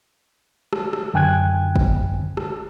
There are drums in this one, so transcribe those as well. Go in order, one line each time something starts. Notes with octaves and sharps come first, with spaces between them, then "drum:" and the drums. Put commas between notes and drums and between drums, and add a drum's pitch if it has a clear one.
drum: rim click
drum: rim click
F#2 D3 G5 G#5 F#6 G#6
drum: kick
drum: rim click